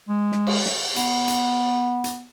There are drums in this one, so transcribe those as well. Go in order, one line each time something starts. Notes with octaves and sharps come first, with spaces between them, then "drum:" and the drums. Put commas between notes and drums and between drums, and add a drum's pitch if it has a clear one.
G#3
drum: snare
drum: cymbal
drum: snare
B3, drum: hi-hat
drum: hi-hat
drum: hi-hat